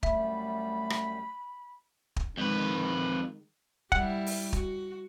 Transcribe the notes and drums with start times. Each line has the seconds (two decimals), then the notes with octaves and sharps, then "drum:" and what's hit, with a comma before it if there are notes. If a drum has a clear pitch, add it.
0.03 F#2 G3 A3 E5 B5, drum: kick
0.90 drum: rim click
2.16 drum: kick
2.38 F2 D#3 G#3 B4
3.92 G3 E4 F#5, drum: kick
4.26 drum: open hi-hat
4.53 F#4, drum: kick